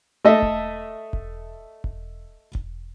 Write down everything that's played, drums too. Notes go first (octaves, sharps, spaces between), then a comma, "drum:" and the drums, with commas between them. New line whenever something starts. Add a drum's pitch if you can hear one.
A3 A4 D#5 E5
drum: kick E1
drum: kick E1
drum: kick E1
drum: kick E1